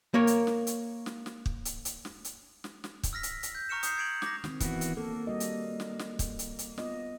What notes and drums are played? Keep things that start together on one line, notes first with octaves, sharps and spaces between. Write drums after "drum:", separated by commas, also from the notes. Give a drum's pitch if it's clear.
A#3 A#4 C#5
drum: hi-hat
drum: snare
drum: hi-hat
drum: snare
drum: snare
drum: kick
drum: hi-hat
drum: hi-hat
drum: snare
drum: hi-hat
drum: snare
drum: snare
drum: kick, hi-hat
E6 F6 A#6 B6
drum: hi-hat
drum: hi-hat
G6
A#5 C#6 F6 C#7 E7
D#6 G6 C7, drum: hi-hat
G#6 C7 D7 F7 F#7
D6 A#6, drum: snare
D#3 C4, drum: snare
E3 B3 F#4, drum: kick, hi-hat
drum: hi-hat
A#3 A4
G3 F#4 D#5
drum: hi-hat
drum: snare
drum: snare
drum: kick, hi-hat
drum: hi-hat
drum: hi-hat
B3 F4 D#5, drum: snare